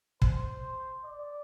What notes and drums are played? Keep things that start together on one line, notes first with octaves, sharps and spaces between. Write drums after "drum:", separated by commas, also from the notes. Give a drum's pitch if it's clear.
C5, drum: kick
D5